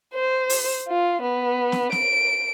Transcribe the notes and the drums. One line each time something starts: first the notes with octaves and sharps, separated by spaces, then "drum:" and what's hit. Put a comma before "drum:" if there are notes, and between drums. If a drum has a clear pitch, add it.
C5
drum: open hi-hat
F4
B3
drum: snare
D7, drum: snare